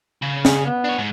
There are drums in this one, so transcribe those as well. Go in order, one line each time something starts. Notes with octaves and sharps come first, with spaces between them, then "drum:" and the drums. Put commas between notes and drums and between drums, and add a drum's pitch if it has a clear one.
C#3
G#4, drum: snare
B3
D4 C#5
G#2